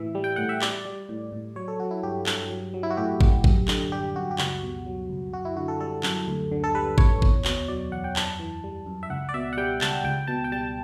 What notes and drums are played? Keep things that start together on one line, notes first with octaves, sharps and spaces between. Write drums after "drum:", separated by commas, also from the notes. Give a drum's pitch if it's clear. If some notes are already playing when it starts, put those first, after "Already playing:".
Already playing: A2 E3 E5
G3
G5
A2 F#5
E5
G3 D5, drum: clap
G3
A2
A2
F#3 C#5
A4
F#3 F#4
E4
G2 G4
G2, drum: clap
F#3
F#3
E4
F#4
A2 G4
A2, drum: kick G#1
F#2, drum: kick G#1
D3, drum: clap
G3 G4
F#2 F#4
G4
C#2 F#4, drum: clap
B2
F#3
C#2
F#2 F#4
E4
D3 F#4
A4
G3 A4
F#2, drum: clap
D2
D3
A4
G3 B4
D2 C#5, drum: kick G#1
E2, drum: kick G#1
B2, drum: clap
F#3 D5
E2 F#5
G5
F#2 A5, drum: clap
E3
G3
F#2
E5
C#2 F#5
D5
B2 E5
F#5
G3 G5
C#2 A5, drum: clap
C#2 G5
B2 A5
G5
G3 A5